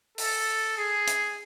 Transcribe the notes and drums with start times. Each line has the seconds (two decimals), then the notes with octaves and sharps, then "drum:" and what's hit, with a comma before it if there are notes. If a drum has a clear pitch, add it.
0.18 A4, drum: open hi-hat
0.77 G#4
1.07 drum: hi-hat